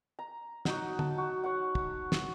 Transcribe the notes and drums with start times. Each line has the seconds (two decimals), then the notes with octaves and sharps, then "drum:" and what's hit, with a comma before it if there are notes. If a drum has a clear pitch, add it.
0.19 A#5
0.65 F#3 D#4 F#5, drum: snare
0.99 A5, drum: tom
1.18 F#4
1.44 C#5 F#5
1.75 drum: kick
2.12 drum: snare